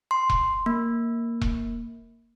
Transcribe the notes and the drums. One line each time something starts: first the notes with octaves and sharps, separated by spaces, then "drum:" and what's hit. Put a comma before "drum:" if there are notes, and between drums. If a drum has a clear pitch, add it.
C6
drum: kick E1
A#3
drum: kick E1